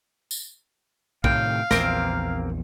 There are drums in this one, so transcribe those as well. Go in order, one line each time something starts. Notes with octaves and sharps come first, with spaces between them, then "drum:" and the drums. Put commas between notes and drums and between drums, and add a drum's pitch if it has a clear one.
drum: tambourine
A2 C3 D#3 F5 G5, drum: kick
A#1 E2 A#3 C4 A#5, drum: snare